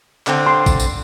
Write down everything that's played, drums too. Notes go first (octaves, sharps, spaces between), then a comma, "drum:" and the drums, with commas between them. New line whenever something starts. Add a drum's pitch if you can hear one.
D3 C4, drum: clap
C6
drum: kick A1, tambourine
drum: tambourine